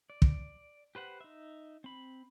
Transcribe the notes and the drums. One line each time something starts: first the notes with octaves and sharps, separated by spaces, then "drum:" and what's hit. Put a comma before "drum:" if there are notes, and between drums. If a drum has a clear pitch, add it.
D5
drum: kick
G4 B4 C5 F#5
D#4 E5
C4 B5